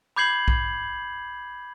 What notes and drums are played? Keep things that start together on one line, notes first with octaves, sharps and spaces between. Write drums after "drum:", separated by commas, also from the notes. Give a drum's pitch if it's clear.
B5 D6 G6 G#6 C7 F#7
drum: kick B1